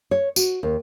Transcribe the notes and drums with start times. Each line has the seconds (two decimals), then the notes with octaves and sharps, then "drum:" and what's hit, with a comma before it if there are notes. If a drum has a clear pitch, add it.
0.11 C#5
0.36 F#4, drum: tambourine
0.63 D#2